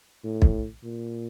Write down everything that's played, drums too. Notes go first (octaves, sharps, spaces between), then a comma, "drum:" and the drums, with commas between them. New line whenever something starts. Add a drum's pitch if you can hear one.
A2
drum: kick
A#2